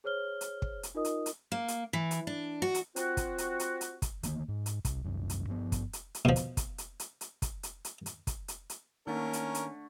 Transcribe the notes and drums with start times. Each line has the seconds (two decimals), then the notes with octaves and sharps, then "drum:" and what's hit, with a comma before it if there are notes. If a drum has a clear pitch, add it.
0.04 G#4 C5 C#5 F6 G7
0.41 drum: hi-hat
0.62 drum: kick
0.83 drum: hi-hat
0.95 D#4 F4 A#4 D#5 D#6
1.05 drum: hi-hat
1.26 drum: hi-hat
1.52 A#3
1.68 drum: hi-hat
1.93 E3
2.11 drum: hi-hat
2.27 D4
2.62 F#4
2.75 drum: hi-hat
2.96 C4 F4 F#4, drum: hi-hat
3.17 drum: kick, hi-hat
3.38 drum: hi-hat
3.60 drum: hi-hat
3.81 drum: hi-hat
4.02 drum: kick, hi-hat
4.23 D3 D#3 A#3, drum: hi-hat
4.48 G#2
4.66 drum: hi-hat
4.85 C2, drum: kick, hi-hat
5.05 F#1 C2 F#2
5.30 drum: hi-hat
5.47 G2 F3 B3
5.72 drum: kick, hi-hat
5.93 drum: hi-hat
6.15 drum: hi-hat
6.25 B2 F3
6.36 drum: hi-hat
6.57 drum: kick, hi-hat
6.78 drum: hi-hat
7.00 drum: hi-hat
7.21 drum: hi-hat
7.42 drum: kick, hi-hat
7.63 drum: hi-hat
7.85 drum: hi-hat
8.06 drum: hi-hat
8.27 drum: kick, hi-hat
8.48 drum: hi-hat
8.70 drum: hi-hat
9.07 D3 D#3 A3 A#3 C#4 A#4
9.33 drum: hi-hat
9.55 drum: hi-hat